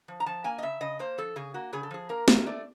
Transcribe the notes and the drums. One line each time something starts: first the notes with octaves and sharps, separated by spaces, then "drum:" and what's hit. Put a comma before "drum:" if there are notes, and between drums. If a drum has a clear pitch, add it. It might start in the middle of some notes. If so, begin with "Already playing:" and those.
F3
A#5
F3 A5
A#3 G#5
D#5
C#3 E5
C#3 D#5
A#3 C5
F3 A4
C#3 G#4
A#3 F#4
C#3 G#4
A4
F3 G#4
A#3 A#4
A#3, drum: snare
A3 D5